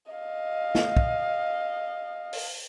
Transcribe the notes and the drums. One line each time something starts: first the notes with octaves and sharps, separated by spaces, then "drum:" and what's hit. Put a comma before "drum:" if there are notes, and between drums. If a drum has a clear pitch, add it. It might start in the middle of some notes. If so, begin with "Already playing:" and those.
D#5 F5
drum: snare
drum: kick
drum: open hi-hat